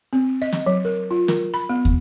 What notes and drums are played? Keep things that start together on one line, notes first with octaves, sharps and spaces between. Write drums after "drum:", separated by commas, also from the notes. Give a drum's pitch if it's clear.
C4
D#5
drum: snare
F#3
A#4
F4
A#4, drum: snare
B5
B3
drum: kick